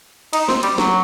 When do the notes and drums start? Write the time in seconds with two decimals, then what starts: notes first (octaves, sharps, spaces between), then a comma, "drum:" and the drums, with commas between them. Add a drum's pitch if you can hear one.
0.33 D#4, drum: cymbal
0.49 C4, drum: snare
0.63 G3, drum: cymbal
0.78 F#3, drum: snare